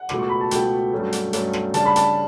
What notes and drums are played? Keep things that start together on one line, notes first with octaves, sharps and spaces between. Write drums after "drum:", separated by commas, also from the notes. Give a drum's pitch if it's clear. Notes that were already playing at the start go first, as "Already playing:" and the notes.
Already playing: F#5
C#2 B2 A3 D6, drum: rim click
C#6
B5
A5
C#2 B2 A3 G5, drum: hi-hat
G2 F#3 A3 C#4
drum: hi-hat
G2 F#3 A3 C#4, drum: hi-hat
drum: rim click
C#3 G3 D4 A5, drum: hi-hat
B5
A5, drum: hi-hat